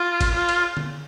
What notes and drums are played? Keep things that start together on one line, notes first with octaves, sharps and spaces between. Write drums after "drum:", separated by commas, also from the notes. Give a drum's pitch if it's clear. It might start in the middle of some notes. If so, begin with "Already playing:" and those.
Already playing: F4
drum: kick, cymbal
F4
drum: cymbal
drum: tom D3